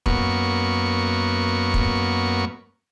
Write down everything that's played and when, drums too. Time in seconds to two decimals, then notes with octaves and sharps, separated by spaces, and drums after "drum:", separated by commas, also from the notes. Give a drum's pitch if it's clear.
0.06 F#2 A#3 B3 C#6, drum: kick
1.74 drum: kick